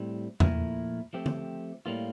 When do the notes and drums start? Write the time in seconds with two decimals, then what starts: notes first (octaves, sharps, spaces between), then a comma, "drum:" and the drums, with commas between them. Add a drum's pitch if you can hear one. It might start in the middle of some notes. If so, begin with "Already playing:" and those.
Already playing: A2 G3 C4
0.40 A#2 F3 A3 E4 A#4, drum: tom E2
1.13 F3 A3 C4 G4
1.26 drum: tom
1.86 A2 G3 A#3 F4